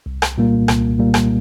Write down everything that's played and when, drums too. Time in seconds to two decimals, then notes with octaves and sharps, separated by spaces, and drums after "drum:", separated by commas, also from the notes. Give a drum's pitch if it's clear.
0.06 C2
0.22 drum: rim click
0.38 A#2 G3 A#3
0.68 C2, drum: rim click
0.99 A#2 G3 A#3
1.14 drum: rim click